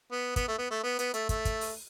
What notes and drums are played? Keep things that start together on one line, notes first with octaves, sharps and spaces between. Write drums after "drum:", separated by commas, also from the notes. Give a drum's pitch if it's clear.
B3
B3, drum: kick, hi-hat
A3
B3
A3
B3
B3, drum: hi-hat
A3, drum: hi-hat
A3, drum: kick, hi-hat
drum: kick, hi-hat
drum: open hi-hat